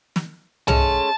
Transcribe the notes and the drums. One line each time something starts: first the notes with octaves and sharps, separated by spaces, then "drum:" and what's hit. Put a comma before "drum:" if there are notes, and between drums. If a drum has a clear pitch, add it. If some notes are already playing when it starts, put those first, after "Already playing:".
drum: snare
G#3 A3 C#4 A5, drum: tom